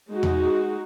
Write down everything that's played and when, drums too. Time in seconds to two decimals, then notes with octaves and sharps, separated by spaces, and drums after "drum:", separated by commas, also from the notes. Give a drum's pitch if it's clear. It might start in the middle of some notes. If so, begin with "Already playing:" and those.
0.11 G#3 D#4 F#4
0.23 drum: tom E2